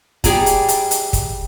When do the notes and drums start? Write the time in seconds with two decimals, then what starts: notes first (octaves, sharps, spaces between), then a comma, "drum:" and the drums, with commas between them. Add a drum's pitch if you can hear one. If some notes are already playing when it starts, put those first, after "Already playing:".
0.24 G3 G#4 D5 A#5, drum: kick, hi-hat
0.46 drum: hi-hat
0.68 drum: hi-hat
0.91 drum: hi-hat
1.13 drum: kick, hi-hat